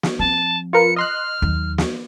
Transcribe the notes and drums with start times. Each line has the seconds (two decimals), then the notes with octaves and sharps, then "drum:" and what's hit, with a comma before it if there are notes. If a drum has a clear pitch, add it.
0.03 drum: snare
0.19 F3 C4 A5
0.73 F4 A#4 B4 C#7
0.96 D#5 C6 F6 F#6
1.42 D#2 F#3
1.78 drum: snare